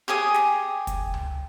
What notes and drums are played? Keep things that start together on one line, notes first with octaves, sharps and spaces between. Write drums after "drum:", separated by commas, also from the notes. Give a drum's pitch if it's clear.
G4 G#4 G#5 D#6
drum: snare
drum: kick, hi-hat
drum: tom C#2